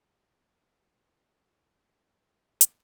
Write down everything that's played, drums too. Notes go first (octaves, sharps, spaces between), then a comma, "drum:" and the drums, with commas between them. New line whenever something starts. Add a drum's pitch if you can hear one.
F#3 D4 D5 D#5
G6 D#7
D#2 B3 E4 G#4 B5
F3 C#4
D#3 C4 D4 A4 B4 D5
drum: hi-hat